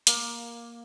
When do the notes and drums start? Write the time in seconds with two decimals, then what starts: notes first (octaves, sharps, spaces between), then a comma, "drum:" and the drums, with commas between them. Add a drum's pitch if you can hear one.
0.07 A#3, drum: hi-hat